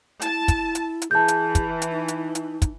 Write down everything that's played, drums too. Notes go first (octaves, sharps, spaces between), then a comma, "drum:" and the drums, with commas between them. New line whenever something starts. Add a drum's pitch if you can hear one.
E4 A5, drum: hi-hat
drum: kick, hi-hat
drum: hi-hat
drum: hi-hat
E3 G#4 A5 G6
drum: hi-hat
drum: kick, hi-hat
drum: hi-hat
D#4
drum: hi-hat
drum: hi-hat
drum: kick, hi-hat